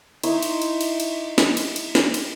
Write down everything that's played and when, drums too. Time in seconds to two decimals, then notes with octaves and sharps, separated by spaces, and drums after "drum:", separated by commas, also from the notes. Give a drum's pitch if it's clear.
0.23 D#4 E4 C6 C#6, drum: cymbal
0.43 drum: cymbal
0.62 drum: cymbal
0.81 drum: cymbal
1.00 drum: cymbal
1.38 drum: snare
1.57 drum: cymbal
1.76 drum: cymbal
1.95 drum: snare
2.14 drum: cymbal